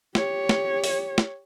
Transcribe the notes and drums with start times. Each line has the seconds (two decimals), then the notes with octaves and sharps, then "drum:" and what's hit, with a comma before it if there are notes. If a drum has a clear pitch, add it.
0.15 G4 C#5, drum: snare
0.49 drum: snare
0.84 drum: open hi-hat
1.18 drum: snare